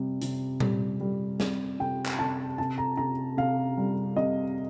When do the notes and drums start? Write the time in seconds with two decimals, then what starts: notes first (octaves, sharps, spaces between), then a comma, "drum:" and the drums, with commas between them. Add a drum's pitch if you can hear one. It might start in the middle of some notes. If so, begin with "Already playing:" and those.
Already playing: C3 G3
0.22 C3, drum: hi-hat
0.60 G3, drum: tom A#2
1.00 G3
1.40 C3, drum: snare
1.80 C3 G5
2.05 drum: clap
2.19 C3 A5
2.58 C3 A5
2.78 A#5
2.97 C3 A#5
3.37 C3 F5
3.77 G3
4.16 C3 D#5